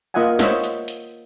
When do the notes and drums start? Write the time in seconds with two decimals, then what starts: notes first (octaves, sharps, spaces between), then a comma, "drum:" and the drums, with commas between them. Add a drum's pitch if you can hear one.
0.14 A#3 F4 D#5 E5 F#5 G#5
0.39 C5 C#5 D#5 E5 F#5, drum: snare
0.64 drum: hi-hat
0.88 drum: hi-hat